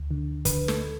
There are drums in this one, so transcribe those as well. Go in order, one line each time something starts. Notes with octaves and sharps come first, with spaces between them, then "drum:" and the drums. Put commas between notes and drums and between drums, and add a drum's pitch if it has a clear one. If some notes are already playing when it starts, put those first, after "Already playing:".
Already playing: D2
D3
D3 B4, drum: kick, hi-hat
A4, drum: snare